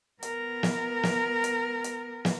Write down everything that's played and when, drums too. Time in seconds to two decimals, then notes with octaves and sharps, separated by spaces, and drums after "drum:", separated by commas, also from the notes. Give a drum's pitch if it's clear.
0.23 B3 A#4, drum: hi-hat
0.63 drum: snare
1.03 drum: snare
1.44 drum: hi-hat
1.84 drum: hi-hat
2.25 drum: snare